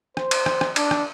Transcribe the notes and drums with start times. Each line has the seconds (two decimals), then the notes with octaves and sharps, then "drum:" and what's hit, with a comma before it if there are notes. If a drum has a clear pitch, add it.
0.17 C5, drum: rim click
0.31 drum: cymbal
0.46 drum: rim click
0.61 drum: rim click
0.76 D4, drum: cymbal
0.91 drum: rim click